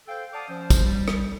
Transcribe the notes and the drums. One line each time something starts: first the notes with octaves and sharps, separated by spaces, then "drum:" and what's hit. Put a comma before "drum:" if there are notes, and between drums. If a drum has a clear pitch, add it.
A4 C5 F5 G5
D5 F5 F#5 A5 D6 D#6
F3 C#4 C5
drum: kick, tambourine
G3
drum: rim click